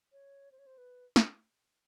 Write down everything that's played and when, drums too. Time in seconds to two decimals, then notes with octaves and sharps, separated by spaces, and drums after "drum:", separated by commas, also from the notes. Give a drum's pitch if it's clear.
0.12 C#5
0.52 C5
0.59 C#5
0.66 C5
0.78 B4
1.16 drum: snare